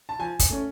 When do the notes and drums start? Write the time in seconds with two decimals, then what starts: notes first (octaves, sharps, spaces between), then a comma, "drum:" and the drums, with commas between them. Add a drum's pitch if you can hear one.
0.09 A5
0.19 F3 G#5
0.39 drum: kick, hi-hat
0.50 A3 C#4